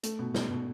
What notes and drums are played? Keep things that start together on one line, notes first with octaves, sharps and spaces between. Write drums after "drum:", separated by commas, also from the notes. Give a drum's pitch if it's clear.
A3, drum: hi-hat
B2
B2, drum: snare
B2